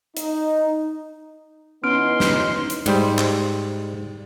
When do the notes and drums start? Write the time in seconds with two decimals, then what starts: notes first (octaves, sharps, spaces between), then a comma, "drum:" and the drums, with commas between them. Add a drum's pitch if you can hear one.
0.17 D#4, drum: hi-hat
1.83 E3 B3 C#4 D#4 C6 F6 D7
2.20 drum: snare
2.70 drum: hi-hat
2.86 G#2 G3 C5, drum: cymbal
3.18 drum: clap